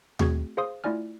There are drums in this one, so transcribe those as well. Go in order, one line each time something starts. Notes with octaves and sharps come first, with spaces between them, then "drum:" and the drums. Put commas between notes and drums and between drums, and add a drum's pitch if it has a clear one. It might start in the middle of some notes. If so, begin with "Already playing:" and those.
A3 C4 F#4 G#4 C#6 G#6, drum: tom D#2
G#4 C5 F5 C6 D#6
A3 E4 F4 D5 G#5 F6